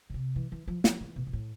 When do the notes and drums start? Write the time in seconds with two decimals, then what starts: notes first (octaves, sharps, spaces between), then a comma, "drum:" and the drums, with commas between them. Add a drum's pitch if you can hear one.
0.10 B2
0.14 C3
0.36 E3
0.52 E3
0.68 F3
0.84 F3, drum: snare
1.01 E3
1.16 B2
1.27 B2
1.33 A2